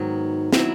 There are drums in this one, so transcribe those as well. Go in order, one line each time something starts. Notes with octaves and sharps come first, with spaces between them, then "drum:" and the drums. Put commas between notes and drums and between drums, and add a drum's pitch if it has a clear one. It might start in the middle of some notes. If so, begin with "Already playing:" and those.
Already playing: G#2 D#3 F#3 B3
D#3 F#3 B3 E4, drum: snare